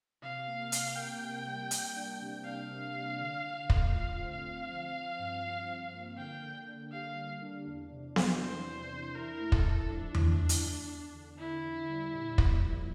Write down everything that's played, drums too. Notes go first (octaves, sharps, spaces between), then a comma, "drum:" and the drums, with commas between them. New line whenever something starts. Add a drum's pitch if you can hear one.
C3 F5
A#3
C3, drum: hi-hat
A#3 G5
C3
G3
A#3, drum: hi-hat
D4
C3
D4 F5
C3
C3
D3
D3
A3, drum: kick
F4 F5
C4
F5
C4
F3
F3
G2
F3
F3
A#3
D3 G5
D3
D3
G3 F5
G3
D4
E2
C3
E2, drum: snare B3
E3 C5
C3
E2
E4 A#4
A3
A4, drum: kick
E4
F3 D4
F3, drum: tom E2
G2
drum: hi-hat
E2
E2
D3
D3 E4
E2
G3
A#2
A#3, drum: kick
F3